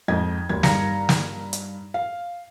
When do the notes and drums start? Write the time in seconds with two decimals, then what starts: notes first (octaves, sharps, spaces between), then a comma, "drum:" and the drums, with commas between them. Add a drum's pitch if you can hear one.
0.08 F2 G#2 D#5 G5 G#6
0.49 G#1 D#2 G#6
0.63 G2 D#3 F5 A#5 A#6 C#7, drum: snare
1.09 drum: snare
1.53 drum: hi-hat
1.94 F5